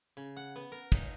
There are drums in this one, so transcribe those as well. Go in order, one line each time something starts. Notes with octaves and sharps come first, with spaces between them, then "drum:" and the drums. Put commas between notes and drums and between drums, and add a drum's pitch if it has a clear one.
C#3
F#5
B3
A#4
D#4, drum: kick, cymbal